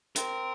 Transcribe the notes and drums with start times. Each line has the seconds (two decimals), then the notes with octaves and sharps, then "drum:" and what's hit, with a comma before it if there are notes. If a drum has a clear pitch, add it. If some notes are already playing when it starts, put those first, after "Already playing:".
0.16 C4 A#4, drum: hi-hat